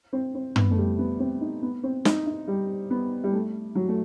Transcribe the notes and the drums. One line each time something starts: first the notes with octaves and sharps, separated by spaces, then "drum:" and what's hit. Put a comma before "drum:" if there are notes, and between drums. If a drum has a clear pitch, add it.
C4
C4
B3, drum: tom
A3
G3
B3
C4
D#4
B3
C4
D#4, drum: snare
D#4
G3
B3
G3
A3
F#3
A3